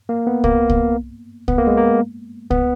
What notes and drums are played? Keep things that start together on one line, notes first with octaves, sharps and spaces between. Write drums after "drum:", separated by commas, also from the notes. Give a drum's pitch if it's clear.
A#3
B3
A#3, drum: kick C2
drum: kick C2
B3, drum: kick C2
A#3
G#3
A#3
B3, drum: kick C2